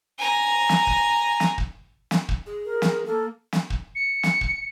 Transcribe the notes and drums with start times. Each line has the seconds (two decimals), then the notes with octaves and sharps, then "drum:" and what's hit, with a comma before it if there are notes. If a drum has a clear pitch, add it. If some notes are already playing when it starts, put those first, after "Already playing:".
0.18 G#5 A#5
0.69 drum: snare
0.87 drum: kick
1.40 drum: snare
1.58 drum: kick
2.11 drum: snare
2.29 drum: kick
2.46 G#4
2.65 A#4
2.82 drum: snare
3.06 A#3 A4
3.53 drum: snare
3.70 drum: kick
3.95 C#7
4.23 drum: snare
4.41 drum: kick